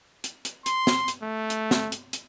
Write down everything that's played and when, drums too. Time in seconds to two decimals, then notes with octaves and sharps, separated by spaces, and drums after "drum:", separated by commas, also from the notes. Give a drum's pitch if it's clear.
0.24 drum: hi-hat
0.45 drum: hi-hat
0.66 C6, drum: hi-hat
0.87 drum: snare
1.08 drum: hi-hat
1.23 A3
1.50 drum: hi-hat
1.71 drum: snare
1.92 drum: hi-hat
2.13 drum: hi-hat